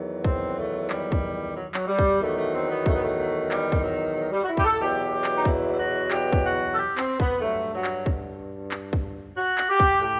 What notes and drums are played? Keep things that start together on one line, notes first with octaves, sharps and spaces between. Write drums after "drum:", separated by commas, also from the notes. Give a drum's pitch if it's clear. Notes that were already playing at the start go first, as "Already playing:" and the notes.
Already playing: E2 D#3 F#3
C4, drum: kick
A3
G3, drum: clap
drum: kick
F#3
F#3, drum: clap
G3
drum: kick
E2 D#3 F#3 A3
A3
C4
B3
A3, drum: kick
B3
A3
A3
G3, drum: clap
drum: kick
F#3
F#3
G3
F#4
E4
G4, drum: kick
A4
E2 B2 F#3 G4
drum: clap
D#4
E4, drum: kick
E4
F#4
G4, drum: clap
drum: kick
F#4
A4
G4
C4, drum: clap
B3, drum: kick
G2 F#3 A3
F#3
drum: clap
drum: kick
drum: clap
drum: kick
F#4
drum: clap
G4
drum: kick
A2 G4